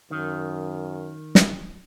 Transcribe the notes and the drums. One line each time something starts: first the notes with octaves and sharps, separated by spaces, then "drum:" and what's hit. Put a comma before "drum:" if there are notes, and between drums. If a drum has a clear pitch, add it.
F#2 D#3
drum: snare